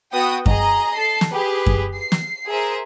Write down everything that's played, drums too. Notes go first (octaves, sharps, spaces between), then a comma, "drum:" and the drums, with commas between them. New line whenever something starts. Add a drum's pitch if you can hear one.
B3 F#4 G5 D#6
G#4 D#5 A#5, drum: kick F#2
A4 C7
drum: snare
G4 G#4 B4
drum: kick F#2
C7
drum: snare
G#4 A#4 C5 E5